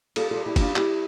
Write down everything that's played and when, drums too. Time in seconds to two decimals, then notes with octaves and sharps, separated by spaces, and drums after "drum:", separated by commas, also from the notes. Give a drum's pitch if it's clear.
0.16 G3 F4 A4, drum: cymbal
0.31 G3 F4 A4
0.46 E4 G4
0.56 G3 D4 F4, drum: kick, cymbal
0.76 G3 E4 G4, drum: clap